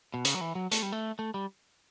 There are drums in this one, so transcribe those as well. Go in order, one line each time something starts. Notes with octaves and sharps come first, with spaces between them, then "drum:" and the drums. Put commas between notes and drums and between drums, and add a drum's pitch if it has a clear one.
B2
C#3, drum: hi-hat
F#3
E3
F#3
A3, drum: hi-hat
G3
A3
A3
G3